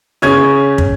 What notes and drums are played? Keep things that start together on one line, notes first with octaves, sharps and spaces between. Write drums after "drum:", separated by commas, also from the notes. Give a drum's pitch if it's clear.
C#3 C#4 G#6, drum: snare E4
drum: kick